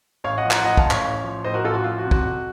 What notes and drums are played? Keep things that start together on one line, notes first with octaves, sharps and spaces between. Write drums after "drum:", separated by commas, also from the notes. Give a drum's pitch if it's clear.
A1 C#5 F5
D#5 F#5
F3
F#5 A#5, drum: clap
A2 D#5 F#5
F5 A5, drum: kick
A1
C#5 F5, drum: clap
A1
F3
A2 C5 D#5
F#4 A#4
A1 F4 A4
F#4
F3 F4
F#4
C3
F#4, drum: kick
F2